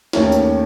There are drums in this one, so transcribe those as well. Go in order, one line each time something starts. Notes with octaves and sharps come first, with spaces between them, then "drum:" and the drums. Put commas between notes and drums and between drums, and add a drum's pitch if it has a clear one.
D#2 D#3 A3 C#4 C#5, drum: snare
drum: tambourine